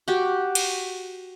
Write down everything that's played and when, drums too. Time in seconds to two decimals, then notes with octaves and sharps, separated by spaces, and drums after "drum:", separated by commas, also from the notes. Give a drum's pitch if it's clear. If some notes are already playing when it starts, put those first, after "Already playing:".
0.08 F#4 G4
0.55 drum: cymbal